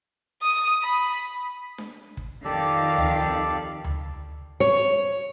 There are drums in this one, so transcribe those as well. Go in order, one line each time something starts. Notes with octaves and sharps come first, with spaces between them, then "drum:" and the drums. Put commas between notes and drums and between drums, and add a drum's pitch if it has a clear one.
D#6
B5
drum: snare D4
drum: kick
F2 D#3 G4 A4 D5 F5
drum: tom D2
drum: tom D2
C#5